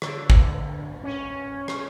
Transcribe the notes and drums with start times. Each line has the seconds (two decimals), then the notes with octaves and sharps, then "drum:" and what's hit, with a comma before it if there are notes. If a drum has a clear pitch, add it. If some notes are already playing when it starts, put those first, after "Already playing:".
0.02 D3, drum: rim click
0.30 drum: kick
1.04 C#4
1.68 drum: rim click